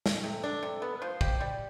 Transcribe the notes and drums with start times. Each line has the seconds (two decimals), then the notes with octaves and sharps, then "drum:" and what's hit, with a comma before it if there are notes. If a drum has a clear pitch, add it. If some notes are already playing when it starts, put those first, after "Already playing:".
0.06 drum: snare
0.24 C3 A4
0.43 D4
0.63 C3
0.82 B3
0.97 B4
1.02 F3 C5
1.21 G4, drum: kick
1.40 G3 D5